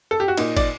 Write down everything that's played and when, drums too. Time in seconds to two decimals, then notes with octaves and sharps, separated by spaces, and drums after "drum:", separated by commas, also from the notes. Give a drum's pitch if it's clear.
0.11 A4
0.20 G4
0.28 F#4
0.37 A#2 D#4, drum: cymbal
0.57 D5, drum: kick, cymbal